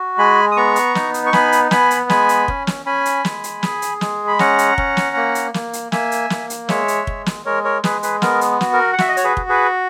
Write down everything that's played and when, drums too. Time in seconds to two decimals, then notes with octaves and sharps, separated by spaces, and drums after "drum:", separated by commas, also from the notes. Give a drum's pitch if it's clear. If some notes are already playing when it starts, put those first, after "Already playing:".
Already playing: F#4
0.18 G#3 G#5 B5
0.51 D#6
0.57 B3 A#5 C#6
0.76 drum: hi-hat
0.95 D#4, drum: snare
1.14 drum: hi-hat
1.27 C#6
1.33 B3 G#5 B5, drum: snare
1.52 drum: hi-hat
1.71 B3 G#5 B5, drum: snare
1.91 drum: hi-hat
2.09 G#3 G#5 B5, drum: snare
2.29 drum: hi-hat
2.48 C#4, drum: kick
2.67 drum: snare
2.86 C#4 G#5 B5
3.05 drum: hi-hat
3.25 G#3, drum: snare
3.44 drum: hi-hat
3.63 G#4, drum: snare
3.82 drum: hi-hat
4.01 G#3, drum: snare
4.27 B5
4.39 C#4 F#5 A#5, drum: snare
4.58 drum: hi-hat
4.78 C#4, drum: kick
4.97 drum: snare
5.16 A#3
5.35 drum: hi-hat
5.54 A#3, drum: snare
5.73 drum: hi-hat
5.92 A#3 E5 G#5, drum: snare
6.12 drum: hi-hat
6.30 A#3, drum: snare
6.50 drum: hi-hat
6.69 G#3 C#5 E5, drum: snare
6.88 drum: hi-hat
7.07 G#3, drum: kick
7.26 drum: snare
7.45 G#3 A#4 C#5
7.64 A#4 C#5
7.84 G#3 G#4 B4, drum: snare
8.03 G#4 B4, drum: hi-hat
8.22 B3 A#4, drum: snare
8.41 drum: hi-hat
8.61 F#4, drum: snare
8.73 A#4
8.93 F#5
8.98 F#4 E5, drum: snare
9.08 D#5
9.17 C#5, drum: hi-hat
9.24 G#4 B4
9.37 F#4, drum: kick
9.49 G#4 B4